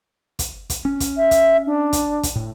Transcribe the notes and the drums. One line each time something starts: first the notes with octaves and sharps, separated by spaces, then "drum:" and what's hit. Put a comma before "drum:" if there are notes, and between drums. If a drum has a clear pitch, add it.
drum: kick, hi-hat
drum: kick, hi-hat
C#4
drum: kick, hi-hat
E5
drum: kick, hi-hat
D4
drum: kick, hi-hat
drum: kick, hi-hat
A2